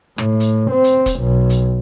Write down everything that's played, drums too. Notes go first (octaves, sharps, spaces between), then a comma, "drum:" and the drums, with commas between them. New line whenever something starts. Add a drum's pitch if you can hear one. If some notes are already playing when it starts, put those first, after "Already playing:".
A2, drum: rim click
drum: hi-hat
C4
drum: hi-hat
drum: kick E1, hi-hat
B1
drum: hi-hat